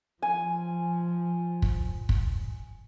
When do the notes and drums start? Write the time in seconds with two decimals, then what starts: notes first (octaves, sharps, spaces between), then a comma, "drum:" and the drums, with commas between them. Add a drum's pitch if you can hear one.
0.22 F3 G#5
1.62 drum: kick
2.09 drum: kick